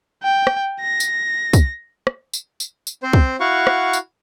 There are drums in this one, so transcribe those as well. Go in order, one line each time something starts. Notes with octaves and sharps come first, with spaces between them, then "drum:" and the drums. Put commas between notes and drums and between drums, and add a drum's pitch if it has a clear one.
G5
drum: rim click
A#6
drum: tambourine
drum: kick, tambourine
drum: rim click
drum: tambourine
drum: tambourine
drum: tambourine
C4 C5
drum: kick
E4 F#4 F5 F#5 C#6
drum: rim click
drum: tambourine